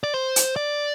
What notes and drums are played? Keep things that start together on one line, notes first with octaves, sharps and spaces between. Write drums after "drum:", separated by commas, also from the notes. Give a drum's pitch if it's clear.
D5
C5
drum: hi-hat
D5